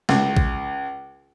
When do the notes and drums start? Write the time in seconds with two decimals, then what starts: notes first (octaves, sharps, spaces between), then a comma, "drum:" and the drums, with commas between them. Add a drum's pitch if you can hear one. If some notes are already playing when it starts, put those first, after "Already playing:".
0.09 C#2, drum: snare
0.37 drum: kick A#1